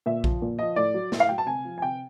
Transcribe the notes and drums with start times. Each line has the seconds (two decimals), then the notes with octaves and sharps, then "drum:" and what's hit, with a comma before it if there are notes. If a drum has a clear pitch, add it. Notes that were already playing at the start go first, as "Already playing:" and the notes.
0.06 A#2 E5
0.24 F3, drum: kick A#1
0.42 A#2
0.59 F3 D#5
0.76 A2 D5
0.94 F#3
1.12 A2, drum: snare
1.20 F5
1.29 F#3 G5
1.38 A5
1.46 C3 G#5
1.65 F3
1.78 G#5
1.82 C3 G5